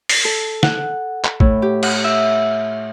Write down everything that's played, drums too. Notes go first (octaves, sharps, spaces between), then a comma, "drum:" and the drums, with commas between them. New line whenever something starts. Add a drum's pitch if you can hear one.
drum: open hi-hat
A4
F#5, drum: snare
drum: clap
A2, drum: kick A1
G4
F#5, drum: cymbal
E5